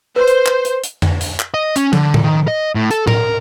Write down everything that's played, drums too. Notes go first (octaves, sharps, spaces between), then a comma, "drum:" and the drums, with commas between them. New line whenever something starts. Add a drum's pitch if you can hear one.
B4 C5
drum: hi-hat
drum: clap
drum: hi-hat
drum: hi-hat
drum: tom F2
drum: hi-hat
drum: clap
D#5
C#4, drum: hi-hat
D3, drum: tom
drum: tom A2
D#3
D#5
A2
A4, drum: hi-hat
A#4, drum: tom A2